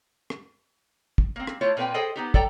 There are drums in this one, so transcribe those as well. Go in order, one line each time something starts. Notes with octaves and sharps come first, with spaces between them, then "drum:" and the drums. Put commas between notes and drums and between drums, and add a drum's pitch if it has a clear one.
drum: rim click
drum: kick
A#3 C4
drum: rim click
A3 E4 F4 C#5
A#2 C4 B4 G5 G#5
G#4 A4 C5 D#5 G5
B3 D#4 G4
A4 D5 G5 A#5, drum: kick